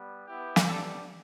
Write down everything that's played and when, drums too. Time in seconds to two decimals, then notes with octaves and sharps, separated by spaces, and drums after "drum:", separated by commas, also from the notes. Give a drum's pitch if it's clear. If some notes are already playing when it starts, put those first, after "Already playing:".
Already playing: G3 B3
0.27 B3 E4 G4
0.56 drum: snare
0.66 B3 D4 G4 A4